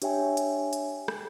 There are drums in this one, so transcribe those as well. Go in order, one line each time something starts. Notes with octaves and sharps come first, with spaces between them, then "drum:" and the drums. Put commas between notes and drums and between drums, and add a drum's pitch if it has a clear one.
D4 G4 C#5 E5 G5 G#5, drum: hi-hat
drum: hi-hat
drum: hi-hat
drum: rim click